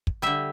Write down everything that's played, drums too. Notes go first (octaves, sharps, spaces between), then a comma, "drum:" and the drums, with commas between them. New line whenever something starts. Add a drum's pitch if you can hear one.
drum: kick
D3 G3 E5